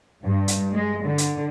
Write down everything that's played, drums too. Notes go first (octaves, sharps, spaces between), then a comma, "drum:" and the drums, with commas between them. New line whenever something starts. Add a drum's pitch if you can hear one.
G2
drum: hi-hat
G#3
D3
drum: hi-hat